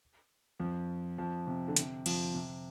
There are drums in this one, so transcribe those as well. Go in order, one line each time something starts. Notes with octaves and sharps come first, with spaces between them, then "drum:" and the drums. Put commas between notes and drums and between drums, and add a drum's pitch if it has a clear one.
F2 F3
F2 F3
C3
D3
C3, drum: hi-hat
F2 F3, drum: cymbal
C3